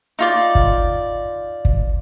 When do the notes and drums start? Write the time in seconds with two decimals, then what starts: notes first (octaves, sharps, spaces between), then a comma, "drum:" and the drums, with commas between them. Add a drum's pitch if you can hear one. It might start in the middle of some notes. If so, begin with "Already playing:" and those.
0.19 D#4 F4 D5
0.55 drum: kick
1.65 drum: kick